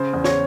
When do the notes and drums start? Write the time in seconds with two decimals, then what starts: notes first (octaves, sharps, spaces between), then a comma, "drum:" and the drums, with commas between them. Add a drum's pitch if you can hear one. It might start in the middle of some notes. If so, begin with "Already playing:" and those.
Already playing: C#3 C5
0.14 E2
0.24 C#5, drum: snare